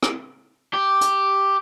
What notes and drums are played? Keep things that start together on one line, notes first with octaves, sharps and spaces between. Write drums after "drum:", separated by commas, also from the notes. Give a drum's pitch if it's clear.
drum: rim click
G4
drum: hi-hat